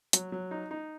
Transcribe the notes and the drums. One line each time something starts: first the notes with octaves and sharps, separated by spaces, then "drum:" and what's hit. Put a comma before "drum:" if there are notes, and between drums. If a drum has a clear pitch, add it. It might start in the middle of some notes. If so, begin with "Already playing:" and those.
F#3, drum: hi-hat
F#3
D#4
D#4